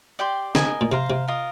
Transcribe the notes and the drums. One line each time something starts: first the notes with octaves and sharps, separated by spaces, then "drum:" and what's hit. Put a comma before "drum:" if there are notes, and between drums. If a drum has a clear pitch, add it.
G4 D5 G5 C6
D3 A#4 D#5 G#5, drum: snare
A#2
C3 C5 F5 A#5
C3
F4 A#4 D#5